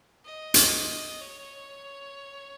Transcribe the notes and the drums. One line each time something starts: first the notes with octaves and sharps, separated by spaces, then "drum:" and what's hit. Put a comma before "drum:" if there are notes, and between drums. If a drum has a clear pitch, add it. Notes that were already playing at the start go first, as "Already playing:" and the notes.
D#5
drum: hi-hat
C#5